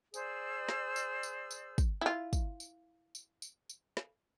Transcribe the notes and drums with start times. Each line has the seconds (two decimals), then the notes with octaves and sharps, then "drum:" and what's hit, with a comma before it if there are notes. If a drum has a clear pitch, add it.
0.14 G#4 C5 D5 E6, drum: tambourine
0.69 drum: snare
0.96 drum: tambourine
1.23 drum: tambourine
1.51 drum: tambourine
1.78 drum: kick, tambourine
2.01 E4 F4
2.33 drum: kick, tambourine
2.60 drum: tambourine
3.15 drum: tambourine
3.42 drum: tambourine
3.70 drum: tambourine
3.97 drum: snare